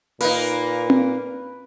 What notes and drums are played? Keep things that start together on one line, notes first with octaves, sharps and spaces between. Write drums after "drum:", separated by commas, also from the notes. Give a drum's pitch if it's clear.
A#2 A#3 D#4 B4, drum: open hi-hat
drum: tom C4